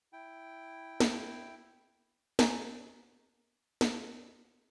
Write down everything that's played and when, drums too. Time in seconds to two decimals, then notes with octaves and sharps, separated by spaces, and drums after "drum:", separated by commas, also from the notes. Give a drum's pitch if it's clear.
0.13 E4 G5
1.00 drum: snare
2.39 A#4 G#5 A#5, drum: snare
3.81 drum: snare